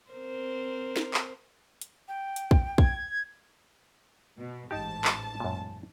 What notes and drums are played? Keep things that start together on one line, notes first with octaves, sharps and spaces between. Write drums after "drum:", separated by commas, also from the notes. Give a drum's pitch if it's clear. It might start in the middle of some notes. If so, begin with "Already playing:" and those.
C4 A#4 C5
drum: snare
drum: clap
drum: hi-hat
G5
drum: hi-hat
drum: kick
G#6, drum: kick
B2
A1 G#2 D#4 G4 A5
drum: clap
F#2 A#2